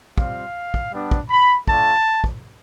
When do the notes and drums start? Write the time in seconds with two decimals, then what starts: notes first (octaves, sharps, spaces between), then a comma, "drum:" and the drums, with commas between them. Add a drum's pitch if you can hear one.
0.18 G3 C4 F4 F5, drum: kick
0.74 drum: kick
0.92 G3 B3 D4
1.11 drum: kick
1.30 B5
1.68 A3 D4 F4 A5, drum: kick
2.24 drum: kick